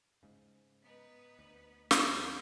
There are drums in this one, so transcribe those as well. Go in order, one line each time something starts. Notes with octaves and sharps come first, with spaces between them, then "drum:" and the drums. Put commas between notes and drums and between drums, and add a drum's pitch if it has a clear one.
G#2 C#3
B3 D#4 B4
D2
D#2 D#3, drum: snare